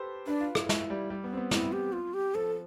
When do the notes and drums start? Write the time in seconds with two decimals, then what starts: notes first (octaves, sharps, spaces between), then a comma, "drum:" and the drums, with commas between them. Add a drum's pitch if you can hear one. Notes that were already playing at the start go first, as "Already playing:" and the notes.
Already playing: G4 A4 B4 C5
0.27 D4 B4
0.41 F4
0.55 E4, drum: rim click
0.69 E4, drum: snare
0.90 G3
1.10 G3
1.24 B3
1.33 C4
1.37 B3
1.51 C4 E4, drum: snare
1.73 G4
1.93 F4
2.14 G4
2.35 F3 A4